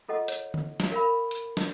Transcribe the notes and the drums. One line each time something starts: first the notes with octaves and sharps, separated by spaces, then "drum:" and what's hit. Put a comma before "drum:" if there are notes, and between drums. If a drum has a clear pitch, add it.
F4 A4 D#5 F#5
C#5, drum: hi-hat
drum: tom D3
drum: snare
A#4 F5 B5
drum: hi-hat
drum: snare